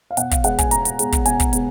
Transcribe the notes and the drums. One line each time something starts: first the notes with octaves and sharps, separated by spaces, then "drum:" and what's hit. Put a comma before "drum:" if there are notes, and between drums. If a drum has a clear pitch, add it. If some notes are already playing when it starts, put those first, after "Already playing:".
F5
B2 F#5, drum: hi-hat
F5, drum: kick, hi-hat
G#3 B3 F#5, drum: hi-hat
G#5, drum: kick, hi-hat
B2 A#5, drum: hi-hat
drum: hi-hat
G#3 B3, drum: hi-hat
drum: kick, hi-hat
B2 G#5, drum: hi-hat
drum: kick, hi-hat
G#3 B3, drum: hi-hat